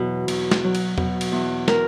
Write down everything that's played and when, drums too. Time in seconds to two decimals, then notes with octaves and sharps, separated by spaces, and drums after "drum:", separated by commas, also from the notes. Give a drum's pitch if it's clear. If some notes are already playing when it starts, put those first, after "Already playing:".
Already playing: E2 B2 F#3
0.28 B2, drum: cymbal
0.51 drum: snare
0.64 F#3
0.75 drum: cymbal
0.98 B2, drum: tom E2
1.21 drum: cymbal
1.32 E2
1.68 A#4, drum: snare